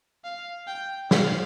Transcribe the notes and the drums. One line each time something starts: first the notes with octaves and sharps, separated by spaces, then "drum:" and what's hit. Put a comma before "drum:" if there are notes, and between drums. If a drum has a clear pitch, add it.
F5
G5
F5, drum: snare